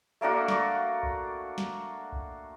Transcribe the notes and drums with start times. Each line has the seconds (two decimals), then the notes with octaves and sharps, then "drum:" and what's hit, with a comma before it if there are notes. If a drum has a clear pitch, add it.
0.21 A3 A#3 D4 F#4
0.48 drum: snare
1.03 drum: kick B1
1.58 drum: snare
2.12 drum: kick B1